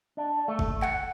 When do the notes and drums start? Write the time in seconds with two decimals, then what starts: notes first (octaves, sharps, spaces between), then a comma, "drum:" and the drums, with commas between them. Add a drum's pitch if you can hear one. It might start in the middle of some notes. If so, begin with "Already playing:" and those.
0.17 D4
0.48 A3
0.59 drum: kick G1
0.82 F#5, drum: clap